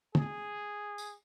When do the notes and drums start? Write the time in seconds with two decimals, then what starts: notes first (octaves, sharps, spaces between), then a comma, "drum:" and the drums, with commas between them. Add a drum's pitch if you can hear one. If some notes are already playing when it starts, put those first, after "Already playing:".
0.15 G#4, drum: tom
0.98 drum: tambourine